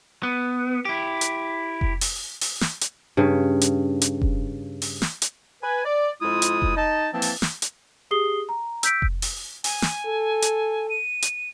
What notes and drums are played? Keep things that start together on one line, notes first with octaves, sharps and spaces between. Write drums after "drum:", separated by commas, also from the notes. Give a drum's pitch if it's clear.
B3
E4 G4
drum: hi-hat
drum: kick F1
drum: open hi-hat
drum: open hi-hat
drum: snare
drum: hi-hat
G2 C#3
drum: hi-hat
drum: hi-hat
drum: kick F1
drum: open hi-hat
drum: snare
drum: hi-hat
B4 G#5
D5
F2 G#3 E4 F4 D#6
drum: hi-hat
drum: kick F1
D#4 D#5 A5
E3 F3 A#3 C4 A5
drum: open hi-hat
drum: snare
drum: hi-hat
G4 G#4 D#6 C7 G7
A#5
E6 G6 B6 D7, drum: hi-hat
drum: kick F1
drum: open hi-hat
G#5, drum: open hi-hat
drum: snare
A4
drum: hi-hat
D#7
drum: hi-hat